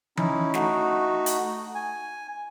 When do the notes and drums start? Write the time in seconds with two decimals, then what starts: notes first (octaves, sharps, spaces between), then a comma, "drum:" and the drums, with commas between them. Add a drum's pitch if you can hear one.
0.17 C#4 D#4 E4, drum: tom E3
0.54 A3 D#4 F#4, drum: snare
1.26 drum: hi-hat
1.75 G#5